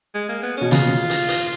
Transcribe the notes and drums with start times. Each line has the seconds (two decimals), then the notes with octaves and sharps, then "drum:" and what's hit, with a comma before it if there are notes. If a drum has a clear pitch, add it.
0.15 G#3
0.29 A#3
0.42 B3
0.57 B2 C#4
0.71 C#3 F4, drum: hi-hat
1.10 drum: hi-hat
1.29 drum: hi-hat